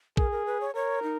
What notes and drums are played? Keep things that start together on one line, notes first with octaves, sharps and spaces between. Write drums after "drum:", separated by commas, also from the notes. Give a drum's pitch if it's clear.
G#4 A#4, drum: kick
A#4
B4
C#5
A#4 C#5
D#4